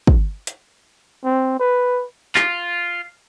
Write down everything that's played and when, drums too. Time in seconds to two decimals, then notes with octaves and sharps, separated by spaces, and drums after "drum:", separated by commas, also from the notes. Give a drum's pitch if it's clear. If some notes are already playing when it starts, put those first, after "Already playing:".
0.07 drum: kick
0.47 drum: hi-hat
1.24 C4
1.59 B4
2.35 F4, drum: clap